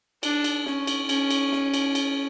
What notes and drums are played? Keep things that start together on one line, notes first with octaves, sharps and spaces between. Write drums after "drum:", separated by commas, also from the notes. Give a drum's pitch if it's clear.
D4, drum: cymbal
drum: cymbal
C#4, drum: snare
drum: cymbal
C#4, drum: cymbal
drum: cymbal
drum: snare
drum: cymbal
drum: cymbal